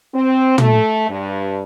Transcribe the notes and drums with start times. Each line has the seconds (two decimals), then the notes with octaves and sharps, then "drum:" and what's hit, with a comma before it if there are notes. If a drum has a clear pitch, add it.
0.14 C4
0.58 A3, drum: tom
1.09 G2